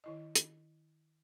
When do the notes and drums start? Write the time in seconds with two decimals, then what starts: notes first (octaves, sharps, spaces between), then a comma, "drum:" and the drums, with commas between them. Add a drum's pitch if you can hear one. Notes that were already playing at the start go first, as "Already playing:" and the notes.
0.04 D#3 E4 D#5
0.35 drum: hi-hat